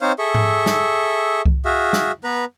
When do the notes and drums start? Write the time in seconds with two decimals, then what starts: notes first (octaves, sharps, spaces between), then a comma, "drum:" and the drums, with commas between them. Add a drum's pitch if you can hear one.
0.01 C4 D#4 C5 C#5 F5
0.19 G#4 A4 E5 C#6
0.35 drum: tom G#2
0.66 drum: snare
1.45 drum: kick C2
1.65 F#4 G#4 E5 F5
1.93 drum: snare
2.24 B3 B4 A#5